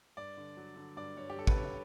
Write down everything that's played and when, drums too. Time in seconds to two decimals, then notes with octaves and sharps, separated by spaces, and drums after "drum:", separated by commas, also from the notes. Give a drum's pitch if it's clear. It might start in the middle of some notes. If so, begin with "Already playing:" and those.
0.17 G2 D5
0.37 D3
0.57 F#3
0.76 D3
0.97 G2 D5
1.17 G2 C#5
1.30 G4
1.37 G2 A4
1.47 B4, drum: kick
1.57 G2 C#5